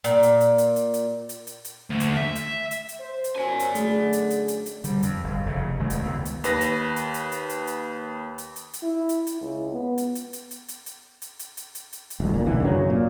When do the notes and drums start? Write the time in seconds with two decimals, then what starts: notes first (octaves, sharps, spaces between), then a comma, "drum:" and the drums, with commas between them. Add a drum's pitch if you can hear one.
0.04 A#2, drum: hi-hat
0.23 drum: hi-hat
0.40 drum: hi-hat
0.58 drum: hi-hat
0.76 drum: hi-hat
0.94 drum: hi-hat
1.29 drum: hi-hat
1.47 drum: hi-hat
1.65 drum: hi-hat
1.90 D2
2.00 drum: hi-hat
2.17 E5
2.35 drum: hi-hat
2.71 drum: hi-hat
2.89 drum: hi-hat
3.00 C5
3.24 drum: hi-hat
3.36 C#4 F#4 A#4 D5 G#5
3.59 drum: hi-hat
3.75 F#2 D3 A3 G#4, drum: hi-hat
4.13 drum: hi-hat
4.30 drum: hi-hat
4.48 drum: hi-hat
4.66 drum: hi-hat
4.84 D3 G3, drum: hi-hat
5.03 F2, drum: hi-hat
5.24 G1
5.46 F1 C#3
5.79 E1 D#3 G#3 A3
5.90 drum: hi-hat
6.03 C#2 B3
6.25 drum: hi-hat
6.44 D#2 B4 A#6, drum: hi-hat
6.61 drum: hi-hat
6.96 drum: hi-hat
7.14 drum: hi-hat
7.32 drum: hi-hat
7.49 drum: hi-hat
7.67 drum: hi-hat
8.38 drum: hi-hat
8.56 drum: hi-hat
8.73 drum: hi-hat
8.83 E4
9.09 drum: hi-hat
9.27 drum: hi-hat
9.41 C#2
9.73 B3
9.98 drum: hi-hat
10.15 drum: hi-hat
10.33 drum: hi-hat
10.51 drum: hi-hat
10.68 drum: hi-hat
10.86 drum: hi-hat
11.22 drum: hi-hat
11.39 drum: hi-hat
11.57 drum: hi-hat
11.75 drum: hi-hat
11.93 drum: hi-hat
12.10 drum: hi-hat
12.20 D#1 D2
12.34 A#2
12.46 B1 D3 E3
12.60 F#2 C#3 F#3
12.90 A#2